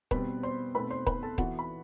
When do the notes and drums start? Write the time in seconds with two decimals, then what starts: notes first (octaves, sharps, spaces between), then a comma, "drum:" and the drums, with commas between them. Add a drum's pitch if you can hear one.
0.11 B2 G3 C4 B4 B5, drum: kick D#1
0.43 C5 C6
0.75 B2 A3 C4 B4 B5
0.90 C5 C6
1.07 B4 B5, drum: kick D#1
1.23 A4 A5
1.38 E3 B3 F#4 F#5, drum: kick D#1
1.59 B5